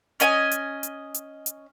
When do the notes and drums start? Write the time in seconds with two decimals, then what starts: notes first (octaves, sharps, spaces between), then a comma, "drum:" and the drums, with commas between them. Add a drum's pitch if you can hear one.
0.20 C#4 D#5 G#5, drum: hi-hat
0.51 drum: hi-hat
0.83 drum: hi-hat
1.14 drum: hi-hat
1.46 drum: hi-hat